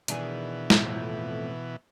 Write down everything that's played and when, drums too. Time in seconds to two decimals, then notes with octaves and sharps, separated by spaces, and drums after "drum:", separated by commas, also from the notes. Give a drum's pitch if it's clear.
0.08 B2 D#3 E3 D4 G#4, drum: hi-hat
0.70 F2 A2 F3, drum: snare